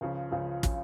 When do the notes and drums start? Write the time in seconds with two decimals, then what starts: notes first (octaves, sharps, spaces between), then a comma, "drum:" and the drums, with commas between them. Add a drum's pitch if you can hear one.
0.01 C#2 C#3 F3
0.32 C#2 C#3 F3
0.63 C#3 F3, drum: kick, hi-hat